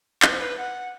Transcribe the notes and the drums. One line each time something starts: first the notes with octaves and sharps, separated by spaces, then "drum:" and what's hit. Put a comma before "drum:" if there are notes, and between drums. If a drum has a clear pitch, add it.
B4, drum: clap
C5
B4
F#5